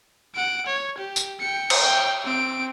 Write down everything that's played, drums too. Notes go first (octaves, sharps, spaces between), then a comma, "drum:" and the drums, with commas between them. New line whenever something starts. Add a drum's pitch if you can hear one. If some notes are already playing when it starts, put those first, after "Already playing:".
F#5 D7
C#5
G4
drum: tambourine
G5 C#7
drum: cymbal
G5
C4 D7